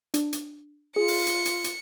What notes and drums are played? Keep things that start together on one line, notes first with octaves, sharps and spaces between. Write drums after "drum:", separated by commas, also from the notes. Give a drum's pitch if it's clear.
D4, drum: hi-hat
drum: hi-hat
F4 G#4 C#7
drum: open hi-hat
drum: hi-hat
drum: hi-hat
drum: hi-hat